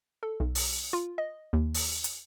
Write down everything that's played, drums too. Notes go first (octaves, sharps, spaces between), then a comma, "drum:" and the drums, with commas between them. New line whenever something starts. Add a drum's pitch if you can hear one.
A4
B1
drum: open hi-hat
F4
D#5
D#2
drum: open hi-hat
drum: hi-hat